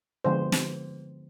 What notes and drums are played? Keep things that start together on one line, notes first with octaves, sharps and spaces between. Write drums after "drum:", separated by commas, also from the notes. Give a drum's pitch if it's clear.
D3 F3 G#3 B3 C5
drum: snare